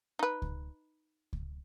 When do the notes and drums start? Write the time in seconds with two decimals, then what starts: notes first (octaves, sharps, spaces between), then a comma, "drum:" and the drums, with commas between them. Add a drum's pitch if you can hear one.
0.19 D#4 B4
0.42 drum: kick C#2
1.33 drum: kick C#2